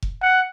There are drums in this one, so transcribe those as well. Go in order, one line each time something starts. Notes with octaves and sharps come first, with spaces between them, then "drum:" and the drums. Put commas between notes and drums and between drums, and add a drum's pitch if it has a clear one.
drum: kick F1
F#5